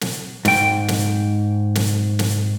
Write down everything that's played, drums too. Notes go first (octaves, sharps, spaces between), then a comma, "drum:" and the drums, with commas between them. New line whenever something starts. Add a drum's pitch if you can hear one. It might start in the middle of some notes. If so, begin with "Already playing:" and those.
drum: snare
G#2 G5, drum: snare
drum: snare
drum: snare
drum: snare